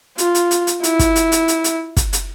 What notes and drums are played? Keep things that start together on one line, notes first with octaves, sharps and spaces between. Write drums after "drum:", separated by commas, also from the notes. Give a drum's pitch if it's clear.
F4, drum: hi-hat
drum: hi-hat
drum: hi-hat
drum: hi-hat
E4, drum: hi-hat
drum: kick, hi-hat
drum: hi-hat
drum: hi-hat
drum: hi-hat
drum: hi-hat
drum: kick, hi-hat
drum: hi-hat